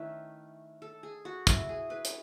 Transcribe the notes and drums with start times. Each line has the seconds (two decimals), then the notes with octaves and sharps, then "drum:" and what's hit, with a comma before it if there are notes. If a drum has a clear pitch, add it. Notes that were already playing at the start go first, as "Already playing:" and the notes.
Already playing: D#3 A3 C#4 E4 B4
0.82 A4
1.03 G#4
1.25 F#4
1.47 E4, drum: kick, hi-hat
1.69 G#4
1.90 B4
2.05 drum: hi-hat